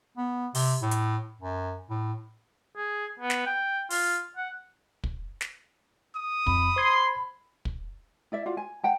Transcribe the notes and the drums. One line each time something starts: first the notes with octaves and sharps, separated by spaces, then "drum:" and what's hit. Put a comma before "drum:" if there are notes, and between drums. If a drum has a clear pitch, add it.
B3
C3, drum: open hi-hat
A2
drum: hi-hat
F#2
A2
G#4
B3
drum: snare
G5
F4, drum: open hi-hat
F#5
drum: kick
drum: snare
D#6
F2 B5, drum: kick
C5 C6 G#6
drum: kick
E4 D5 E5
F4 F#4 D5 F5
G#5
F#5 G5 A5